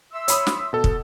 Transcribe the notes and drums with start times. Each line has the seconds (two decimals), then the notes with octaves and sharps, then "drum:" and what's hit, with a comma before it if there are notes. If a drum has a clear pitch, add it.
0.12 E5 C6 E6
0.28 C#5 B5 D#6, drum: hi-hat
0.47 drum: snare
0.73 B2 A4
0.84 drum: kick